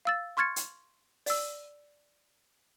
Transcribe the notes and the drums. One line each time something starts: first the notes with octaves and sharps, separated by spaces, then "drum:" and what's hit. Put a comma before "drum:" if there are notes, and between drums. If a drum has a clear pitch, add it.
F5 E6 A6
C6 C#6 F6 G#6 A6 C#7
drum: hi-hat
D5 E6, drum: open hi-hat